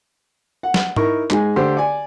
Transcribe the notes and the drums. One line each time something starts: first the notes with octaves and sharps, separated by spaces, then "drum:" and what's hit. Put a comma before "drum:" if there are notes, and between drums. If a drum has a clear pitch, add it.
F#5
drum: snare
D#4 E4 A#4 C#6, drum: tom G#2
G#2 G#3 G#5, drum: clap
D3 A3 G4 C5 C6
D5 G#5